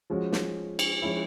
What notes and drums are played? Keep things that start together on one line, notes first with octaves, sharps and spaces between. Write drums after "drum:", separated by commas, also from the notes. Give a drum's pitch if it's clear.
F3 G#3 C#4 F#4
drum: snare
drum: cymbal
F3 G#3 C#4 E4